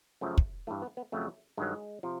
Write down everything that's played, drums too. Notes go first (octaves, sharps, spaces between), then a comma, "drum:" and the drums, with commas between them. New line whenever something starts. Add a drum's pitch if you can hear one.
F#2 C#3 F3 A3
drum: kick
G2 E3 A3
B3
B3
F2 C#3 F#3 A3
G2 D#3 F#3 G#3
C3 F3